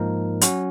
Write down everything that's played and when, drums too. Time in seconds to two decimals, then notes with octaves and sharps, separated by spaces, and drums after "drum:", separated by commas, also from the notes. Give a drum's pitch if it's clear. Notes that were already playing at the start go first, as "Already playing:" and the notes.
Already playing: G#2 F3 A#3 D#4 A#4
0.41 F#3 C#4 F#4, drum: hi-hat